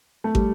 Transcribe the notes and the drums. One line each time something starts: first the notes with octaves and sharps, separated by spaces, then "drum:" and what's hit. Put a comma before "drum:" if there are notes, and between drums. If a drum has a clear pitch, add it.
A3
G3, drum: kick